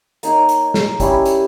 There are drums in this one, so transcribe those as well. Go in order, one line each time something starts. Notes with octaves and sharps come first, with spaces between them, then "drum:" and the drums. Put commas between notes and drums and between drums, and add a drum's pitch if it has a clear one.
A#3 D#4 A#4 C#5, drum: hi-hat
drum: hi-hat
drum: snare
G3 C#4 E4 G4, drum: kick, hi-hat
drum: hi-hat